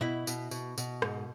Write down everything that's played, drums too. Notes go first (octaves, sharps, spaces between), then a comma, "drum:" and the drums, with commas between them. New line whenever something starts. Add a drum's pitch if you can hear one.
B2 E4 E5
B2, drum: tambourine
B2, drum: tambourine
B2, drum: tambourine
G#2, drum: rim click